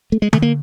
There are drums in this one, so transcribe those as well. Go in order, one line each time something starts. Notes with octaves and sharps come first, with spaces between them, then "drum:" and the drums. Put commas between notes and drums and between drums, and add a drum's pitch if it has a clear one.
A3
G#3
A3, drum: tom D3
A#3